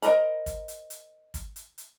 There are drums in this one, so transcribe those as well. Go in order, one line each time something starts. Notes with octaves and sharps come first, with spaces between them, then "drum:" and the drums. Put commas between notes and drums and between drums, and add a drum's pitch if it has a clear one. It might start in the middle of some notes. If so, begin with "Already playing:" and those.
A#4 C5 D#5 A#5 B5, drum: hi-hat
drum: kick, hi-hat
drum: hi-hat
drum: hi-hat
drum: kick, hi-hat
drum: hi-hat
drum: hi-hat